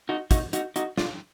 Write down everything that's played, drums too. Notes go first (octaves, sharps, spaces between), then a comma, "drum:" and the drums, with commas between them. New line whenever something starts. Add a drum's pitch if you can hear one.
D#4 F#4
D#4 F#4, drum: kick, hi-hat
D#4 F#4, drum: hi-hat
D#4 F#4, drum: hi-hat
D4 F4, drum: snare